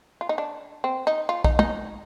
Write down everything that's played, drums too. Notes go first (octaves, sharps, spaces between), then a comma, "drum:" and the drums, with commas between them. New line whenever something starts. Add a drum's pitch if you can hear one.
F4
D#4
D4
C4
D#4
F4
D#4, drum: kick
D#4, drum: tom